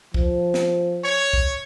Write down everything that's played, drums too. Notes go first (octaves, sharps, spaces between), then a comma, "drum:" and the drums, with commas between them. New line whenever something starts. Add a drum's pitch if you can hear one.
F3, drum: kick
drum: snare
C#5
drum: kick